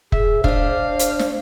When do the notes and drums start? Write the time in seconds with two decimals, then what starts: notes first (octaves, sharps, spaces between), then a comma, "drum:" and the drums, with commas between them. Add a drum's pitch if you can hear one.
0.12 G#4 E5, drum: kick F1
0.44 D4 C5 D#5 F5, drum: kick F1
0.99 drum: hi-hat
1.19 drum: snare